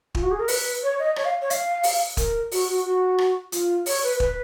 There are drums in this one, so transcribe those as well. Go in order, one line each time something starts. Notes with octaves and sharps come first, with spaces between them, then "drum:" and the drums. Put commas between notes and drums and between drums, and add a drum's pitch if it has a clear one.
F4, drum: kick
F#4
G#4
A#4
B4, drum: open hi-hat
C#5
D#5
C#5, drum: rim click
F5
C#5
F5, drum: hi-hat
drum: open hi-hat
A#4, drum: kick, hi-hat
F#4, drum: open hi-hat
F#4
F#4
drum: rim click
F4, drum: hi-hat
C#5, drum: open hi-hat
B4
B4, drum: kick